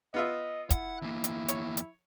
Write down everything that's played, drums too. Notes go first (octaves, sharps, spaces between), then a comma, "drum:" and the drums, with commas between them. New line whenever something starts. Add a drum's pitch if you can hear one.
B3 F4 D#5 E5
E4 F#5, drum: kick, hi-hat
E2 A#3
drum: hi-hat
C#5, drum: hi-hat
drum: hi-hat